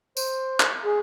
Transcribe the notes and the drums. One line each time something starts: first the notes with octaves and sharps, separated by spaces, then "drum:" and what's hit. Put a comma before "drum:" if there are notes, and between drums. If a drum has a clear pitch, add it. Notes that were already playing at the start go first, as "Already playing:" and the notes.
C5, drum: tambourine
drum: clap
G#4